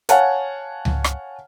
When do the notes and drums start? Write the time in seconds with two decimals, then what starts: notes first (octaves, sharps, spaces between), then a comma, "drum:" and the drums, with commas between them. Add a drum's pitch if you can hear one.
0.09 C#5 F5 F#5 G#5 A5, drum: hi-hat
0.85 drum: tom C#2
1.04 drum: rim click